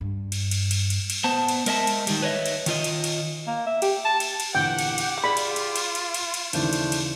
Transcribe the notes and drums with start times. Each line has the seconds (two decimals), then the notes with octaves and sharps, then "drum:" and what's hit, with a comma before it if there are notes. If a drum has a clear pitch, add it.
0.01 G2
0.32 drum: cymbal
0.51 drum: cymbal
0.71 drum: cymbal
0.90 drum: cymbal
1.10 drum: cymbal
1.24 B3 C5 A5
1.48 drum: cymbal
1.66 G#3 A#4 D#5 E5 A5, drum: cymbal
1.87 drum: cymbal
2.07 D#3 G3, drum: cymbal
2.22 B4 C#5 D#5 E5
2.46 drum: cymbal
2.66 D#3 F4 D#5, drum: cymbal
2.84 drum: cymbal
3.04 drum: cymbal
3.47 A#3
3.66 E5
3.82 G4, drum: cymbal
4.05 A5
4.20 drum: cymbal
4.40 drum: cymbal
4.55 E2 A#2 D3 G4 F#5 G5 D6
4.79 drum: cymbal
4.98 drum: cymbal
5.24 F4 G#4 D5 B5
5.37 drum: cymbal
5.56 drum: cymbal
5.76 drum: cymbal
5.95 drum: cymbal
6.14 drum: cymbal
6.34 drum: cymbal
6.53 D#2 C#3 E3 A3 D4 C5, drum: cymbal
6.73 drum: cymbal
6.92 drum: cymbal